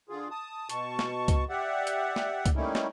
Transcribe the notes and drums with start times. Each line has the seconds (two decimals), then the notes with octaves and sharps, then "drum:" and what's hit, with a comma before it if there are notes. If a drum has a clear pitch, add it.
0.09 D3 F4 G#4
0.31 A5 D#6
0.69 B2 A5 C#6, drum: hi-hat
0.99 drum: snare
1.28 drum: kick C#2, hi-hat
1.49 G4 D5 E5 F#5
1.87 drum: hi-hat
2.16 drum: snare
2.46 drum: kick C#2, hi-hat
2.55 G3 A3 A#3 C#4 D#4 E4
2.75 drum: snare